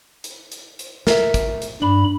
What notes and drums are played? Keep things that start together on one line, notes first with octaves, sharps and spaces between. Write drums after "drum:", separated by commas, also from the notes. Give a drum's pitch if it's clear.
drum: hi-hat
drum: hi-hat
drum: hi-hat
A#4 E5, drum: snare
drum: kick, hi-hat
drum: hi-hat
G2 D4 B5